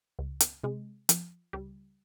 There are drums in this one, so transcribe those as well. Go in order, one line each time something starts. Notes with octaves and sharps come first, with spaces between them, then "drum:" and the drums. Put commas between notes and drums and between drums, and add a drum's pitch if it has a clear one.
C#2
drum: hi-hat
C3 G#3
F3, drum: hi-hat
C#2 G3